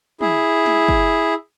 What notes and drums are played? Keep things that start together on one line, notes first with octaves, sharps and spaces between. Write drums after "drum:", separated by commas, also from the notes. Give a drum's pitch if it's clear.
E4 G#4, drum: tom
drum: snare
drum: kick